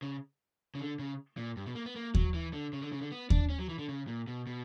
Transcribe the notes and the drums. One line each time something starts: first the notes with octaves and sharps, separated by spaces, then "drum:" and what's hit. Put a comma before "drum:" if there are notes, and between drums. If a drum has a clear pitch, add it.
C#3
C#3
D3
C#3
A#2
G2
B2
A#3
B3
A#3
F#3, drum: kick D#2
E3
D3
C#3
D3
C#3
D3
B3
D4, drum: kick D#2
C#4
F#3
E3
D3
C#3
A#2
B2
B2